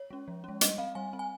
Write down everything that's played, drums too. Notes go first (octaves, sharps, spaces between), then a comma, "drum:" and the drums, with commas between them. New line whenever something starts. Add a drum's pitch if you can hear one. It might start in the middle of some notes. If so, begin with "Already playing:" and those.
Already playing: C#5
G#3 C#4
F3
G#3 C#4
G3 D#5, drum: hi-hat
C4 F5
G3 G#5
C4
G#5